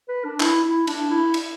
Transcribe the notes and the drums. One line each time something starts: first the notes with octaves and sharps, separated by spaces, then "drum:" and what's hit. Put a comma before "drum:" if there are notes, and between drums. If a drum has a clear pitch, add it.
B4
D4
E4, drum: clap
E4
D4, drum: cymbal
E4
drum: cymbal